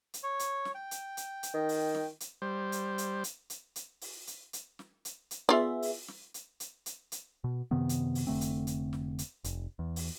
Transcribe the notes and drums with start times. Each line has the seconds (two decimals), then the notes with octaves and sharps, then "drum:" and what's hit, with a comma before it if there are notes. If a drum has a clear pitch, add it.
0.14 drum: hi-hat
0.23 C#5
0.39 drum: hi-hat
0.65 drum: snare
0.75 G5
0.91 drum: hi-hat
1.17 drum: hi-hat
1.43 drum: hi-hat
1.54 D#3
1.69 drum: open hi-hat
1.95 drum: snare
2.20 drum: hi-hat
2.42 G3 C5
2.72 drum: hi-hat
2.98 drum: hi-hat
3.24 drum: hi-hat
3.50 drum: hi-hat
3.76 drum: hi-hat
4.01 drum: open hi-hat
4.27 drum: hi-hat
4.53 drum: hi-hat
4.79 drum: snare
5.05 drum: hi-hat
5.31 drum: hi-hat
5.49 B3 F4 G#4 D5 E5
5.82 drum: open hi-hat
6.08 drum: snare
6.34 drum: hi-hat
6.60 drum: hi-hat
6.86 drum: hi-hat
7.12 drum: hi-hat
7.44 B2
7.71 F#2 C3 D#3 B3
7.89 drum: hi-hat
8.15 drum: open hi-hat
8.27 F1 D3 A3 C4
8.41 drum: hi-hat
8.67 drum: hi-hat
8.93 drum: snare
9.19 drum: hi-hat
9.44 F1, drum: hi-hat
9.79 E2
9.96 drum: open hi-hat